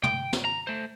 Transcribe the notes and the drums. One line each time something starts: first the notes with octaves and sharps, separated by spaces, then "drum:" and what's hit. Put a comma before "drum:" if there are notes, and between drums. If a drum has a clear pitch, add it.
G5, drum: tom
drum: snare
A#5
A3 C5